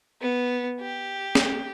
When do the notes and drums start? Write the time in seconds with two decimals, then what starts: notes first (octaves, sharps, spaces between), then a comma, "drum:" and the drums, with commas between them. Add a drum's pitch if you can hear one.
0.21 B3
0.80 G4
1.35 drum: snare